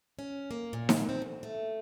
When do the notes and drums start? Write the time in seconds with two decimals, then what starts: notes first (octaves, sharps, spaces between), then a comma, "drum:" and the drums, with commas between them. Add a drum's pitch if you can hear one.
0.19 C#4
0.51 A#3
0.73 A#2
0.89 drum: snare D#4
1.09 C4
1.22 D2
1.43 A3